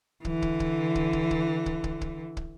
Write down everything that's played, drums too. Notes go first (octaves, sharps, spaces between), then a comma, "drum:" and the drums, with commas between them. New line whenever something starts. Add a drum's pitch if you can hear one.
D3 E3, drum: kick
drum: kick
drum: kick
drum: kick
drum: kick
drum: kick
drum: kick
drum: kick
drum: kick
drum: kick